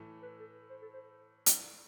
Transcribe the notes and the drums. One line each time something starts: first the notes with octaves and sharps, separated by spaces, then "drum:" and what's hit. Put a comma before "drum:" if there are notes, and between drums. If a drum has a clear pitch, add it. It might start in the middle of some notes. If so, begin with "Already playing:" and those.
Already playing: A2 E3 A3
B4
A4
C5
A4
C5
drum: hi-hat